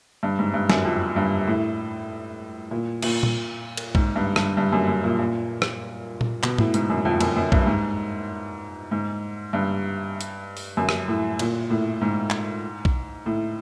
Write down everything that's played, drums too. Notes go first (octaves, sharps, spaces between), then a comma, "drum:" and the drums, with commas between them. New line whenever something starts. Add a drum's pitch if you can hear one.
G2
G#2
G2
F#2, drum: snare
F2
G2
A2
A#2
A#2, drum: cymbal
drum: tom A#2
drum: cymbal
G#2, drum: kick A#1
G2
G2, drum: rim click
G2
F#2
F#2
A#2
A#2
drum: rim click
drum: tom A#2
B2, drum: clap
A2, drum: tom G#2
G#2, drum: hi-hat
F#2
F2
F#2, drum: cymbal
F#2
G2, drum: kick A#1
G#2
G#2
G2
drum: hi-hat
drum: open hi-hat
F#2
drum: rim click
A2
A#2, drum: cymbal
A2
G#2
drum: clap
drum: kick A#1
A2